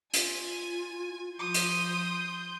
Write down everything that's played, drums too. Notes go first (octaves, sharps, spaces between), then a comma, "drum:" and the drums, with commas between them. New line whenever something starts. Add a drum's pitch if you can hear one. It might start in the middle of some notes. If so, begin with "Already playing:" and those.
F4 G#5, drum: hi-hat
F3 C6 D#6 G6
drum: hi-hat